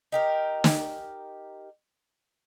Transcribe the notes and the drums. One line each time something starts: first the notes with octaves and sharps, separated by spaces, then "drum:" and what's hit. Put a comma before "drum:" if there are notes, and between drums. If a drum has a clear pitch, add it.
D#4 G4 A#4
drum: snare